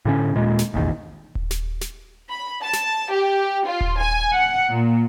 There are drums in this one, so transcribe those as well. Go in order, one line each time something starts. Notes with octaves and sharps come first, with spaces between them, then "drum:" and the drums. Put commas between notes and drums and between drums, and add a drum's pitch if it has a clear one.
A2 D3 C#4
D#1 A#2 G#3
drum: snare
F1 A#1 E2 D#3
drum: kick D#1
drum: snare
drum: snare
B5
A5
drum: snare
G4
F4
drum: kick D#1
G#5
F#5
A#2